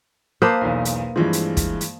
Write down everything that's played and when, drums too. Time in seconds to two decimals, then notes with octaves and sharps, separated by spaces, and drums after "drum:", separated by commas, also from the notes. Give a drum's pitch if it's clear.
0.42 A#3 B4 C5 A5 D6 D#6
0.61 B1 E2
0.85 drum: hi-hat
1.16 G2 E3 F3 G#3
1.33 drum: hi-hat
1.57 drum: kick, hi-hat
1.81 drum: hi-hat